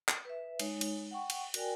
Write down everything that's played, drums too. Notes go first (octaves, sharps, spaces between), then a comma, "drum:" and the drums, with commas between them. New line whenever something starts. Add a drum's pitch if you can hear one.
drum: clap
B4 E5
G#3 D#4 C#5, drum: cymbal
drum: cymbal
F#5 G5 C#6
drum: cymbal
F#4 A#4 D5 G5 G#5, drum: cymbal